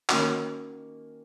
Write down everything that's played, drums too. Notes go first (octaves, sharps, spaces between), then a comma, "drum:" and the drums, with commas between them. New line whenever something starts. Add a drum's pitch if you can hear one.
D#3 A#3 C#4 F#4, drum: clap